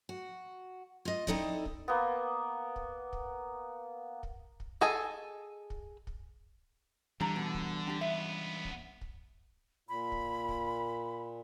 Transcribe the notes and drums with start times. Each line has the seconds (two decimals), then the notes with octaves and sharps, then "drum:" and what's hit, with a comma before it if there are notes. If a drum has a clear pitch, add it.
0.09 F#4
1.05 F4 D#5
1.27 C4 D#4 E4 A4 D5 D#5, drum: kick
1.65 drum: kick
1.88 A#3 B3
2.76 drum: kick
3.13 drum: kick
4.23 drum: kick
4.60 drum: kick
4.81 G#4 A4 D#5 G#5
5.70 drum: kick
6.07 drum: kick
7.21 D3 E3 G3 D4 G4 A#5
7.36 B2 D4
7.54 drum: kick
7.87 D4 G4
8.01 C#2 B3 E5
8.65 drum: kick
9.01 drum: kick
9.89 A#2 B5
10.12 drum: kick
10.49 drum: kick